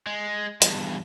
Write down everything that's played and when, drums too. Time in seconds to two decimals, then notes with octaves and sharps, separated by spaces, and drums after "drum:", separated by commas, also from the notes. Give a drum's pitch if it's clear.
0.07 G#3
0.62 E2 G2, drum: hi-hat